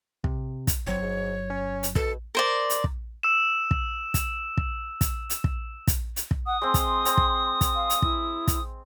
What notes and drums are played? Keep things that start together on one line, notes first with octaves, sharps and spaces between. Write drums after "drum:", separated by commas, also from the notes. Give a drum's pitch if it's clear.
C3, drum: kick
drum: kick, hi-hat
G1 F#3 C4 C#5
G#2
C#4
drum: hi-hat
B2 A4, drum: kick
A#4 C5 D5
drum: hi-hat
drum: kick
E6 E7
drum: kick
drum: kick, hi-hat
drum: kick
drum: kick, hi-hat
drum: hi-hat
drum: kick
drum: kick, hi-hat
drum: hi-hat
drum: kick
F#5 D#6
G#3 C4 C6
drum: kick, hi-hat
C4, drum: hi-hat
drum: kick
drum: kick, hi-hat
F5
drum: hi-hat
E4, drum: kick
drum: kick, hi-hat